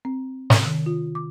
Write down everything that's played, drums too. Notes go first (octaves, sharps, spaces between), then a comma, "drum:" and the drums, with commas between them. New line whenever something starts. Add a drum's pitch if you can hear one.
C4
C3, drum: snare
D#3
F4
D6